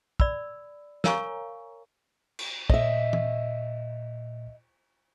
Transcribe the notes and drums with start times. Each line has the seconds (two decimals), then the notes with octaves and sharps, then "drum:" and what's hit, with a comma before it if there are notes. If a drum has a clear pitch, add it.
0.20 D5 B5 E6, drum: kick
1.04 A#4 C#5 F5 G#5 A#5 C#6, drum: snare
2.39 drum: cymbal
2.70 A#2 D#5 E5, drum: kick
3.13 drum: tom E3